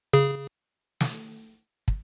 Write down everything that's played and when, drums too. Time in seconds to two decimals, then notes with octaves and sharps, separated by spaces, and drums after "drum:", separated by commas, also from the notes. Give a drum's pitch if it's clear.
0.13 C#3 G#4
1.01 drum: snare
1.88 drum: kick